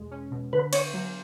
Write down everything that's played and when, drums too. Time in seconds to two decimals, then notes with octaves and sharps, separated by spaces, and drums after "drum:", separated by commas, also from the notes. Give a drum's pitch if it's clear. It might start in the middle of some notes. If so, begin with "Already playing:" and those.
Already playing: E2 B2 G#3
0.11 C#4
0.31 B2
0.53 D3 B4
0.73 B3 C#5, drum: cymbal
0.94 F#3